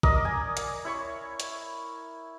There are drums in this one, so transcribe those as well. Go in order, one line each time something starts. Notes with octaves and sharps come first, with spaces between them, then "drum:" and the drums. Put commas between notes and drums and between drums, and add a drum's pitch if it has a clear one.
A#4 D5 D#5 D#6, drum: kick
G#5
drum: hi-hat
E4 C#5 C#6
drum: hi-hat